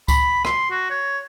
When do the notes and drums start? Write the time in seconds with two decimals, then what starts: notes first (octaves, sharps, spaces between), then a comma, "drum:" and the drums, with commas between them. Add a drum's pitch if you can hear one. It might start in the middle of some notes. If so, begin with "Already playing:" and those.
0.08 B5, drum: kick C#2, tambourine
0.45 C6, drum: rim click
0.70 F#4
0.90 C#5